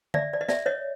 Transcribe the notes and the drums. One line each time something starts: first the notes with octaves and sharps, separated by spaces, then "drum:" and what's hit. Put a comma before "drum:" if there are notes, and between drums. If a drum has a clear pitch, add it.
D5 E5, drum: tom D3
D5
D#5
D5 E5, drum: snare
C#5 D#5